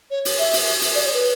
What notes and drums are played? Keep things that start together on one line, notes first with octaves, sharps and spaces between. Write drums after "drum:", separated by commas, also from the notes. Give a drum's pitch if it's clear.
C#5
drum: open hi-hat
E5
drum: open hi-hat
drum: open hi-hat
D5
C#5
B4